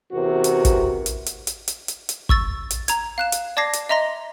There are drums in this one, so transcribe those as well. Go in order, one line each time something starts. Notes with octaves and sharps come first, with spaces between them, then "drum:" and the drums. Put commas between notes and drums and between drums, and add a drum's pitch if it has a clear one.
E2 C3 E3 C4 F#4 A#4
drum: hi-hat
drum: kick, hi-hat
drum: hi-hat
drum: hi-hat
drum: hi-hat
drum: hi-hat
drum: hi-hat
drum: hi-hat
C#6 E6 A6, drum: kick
drum: hi-hat
A#5 G#6, drum: hi-hat
F5 F#6 E7
drum: hi-hat
D5 A5 D6 G#6 A#6 C7
drum: hi-hat
D#5 E5 A#5 C6 A#6